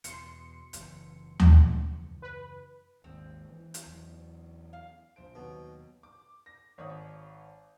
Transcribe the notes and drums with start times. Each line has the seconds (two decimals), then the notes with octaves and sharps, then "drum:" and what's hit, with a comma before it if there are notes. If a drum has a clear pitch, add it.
0.04 E2 B2 C6 C#7, drum: hi-hat
0.73 F#1 E3, drum: hi-hat
1.40 drum: tom D#2
2.22 B4
3.04 G#1 D#2 G#3 C4
3.50 E3
3.74 drum: hi-hat
3.86 E2 F#3
4.73 F5
5.16 A#1 C5 D7
5.35 D#2 B2 F#3
6.03 D6
6.46 A#6
6.78 G#1 C#5 D5 D#6